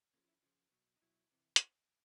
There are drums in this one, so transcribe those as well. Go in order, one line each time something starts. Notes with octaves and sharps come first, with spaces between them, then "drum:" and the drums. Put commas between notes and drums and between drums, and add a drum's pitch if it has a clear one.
C#3 F3 A#3
F4
E4
C#3 F3 F4
B2 F#3
D#4
B2 F#3 E4
C3 E3
drum: hi-hat